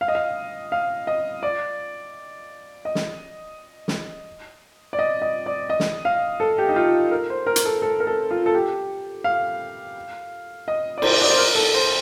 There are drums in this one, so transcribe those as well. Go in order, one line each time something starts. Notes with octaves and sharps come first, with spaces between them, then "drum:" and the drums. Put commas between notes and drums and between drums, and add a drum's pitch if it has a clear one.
F5
D#5
F5
F5
D#5
D5
D#5
drum: snare
drum: snare
D5
D#5
D#5
D5
D#5
drum: snare
F5
A4
G4
D#4
F4
A#4
C5
A#4
drum: hi-hat
A4
A4
A#4
A4
F4
A4
G4
F5
D#5
D5
C5, drum: cymbal
D5
C5
A#4
A4
C5